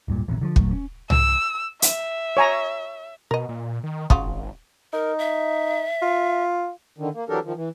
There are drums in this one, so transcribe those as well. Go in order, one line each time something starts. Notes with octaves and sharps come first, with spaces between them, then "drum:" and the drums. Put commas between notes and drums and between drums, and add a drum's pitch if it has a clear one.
D1 G2 A#2
D#1 A#1 E2 C3
D3 E3 F3
D#2 A#2 F#3 A3, drum: kick
C#4
E6, drum: tom C2
E5, drum: hi-hat
C#5 G#5 A#5
B2 A#4 D#5
A#2
D#3
G#1 C#3 F4 F#4, drum: kick
D#4 A#4
E5
F4
D3 D#3
A#3
E3 F#3 D4 G4 A4 A#4
D#3 F3
E3